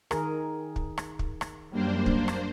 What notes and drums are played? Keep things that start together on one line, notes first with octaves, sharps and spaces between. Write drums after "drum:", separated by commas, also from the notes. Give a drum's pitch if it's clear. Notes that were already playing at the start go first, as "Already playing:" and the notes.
D#3 G#4 A#4, drum: rim click
drum: kick
drum: rim click
drum: kick
drum: rim click
F#2 G3 A#3 D4 C5
drum: kick
drum: rim click